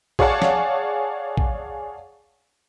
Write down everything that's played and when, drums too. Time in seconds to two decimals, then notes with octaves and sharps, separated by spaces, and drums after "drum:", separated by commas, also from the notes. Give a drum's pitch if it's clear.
0.19 G#4 C#5 D5 F5 F#5 A5, drum: kick
0.42 drum: snare
1.37 drum: kick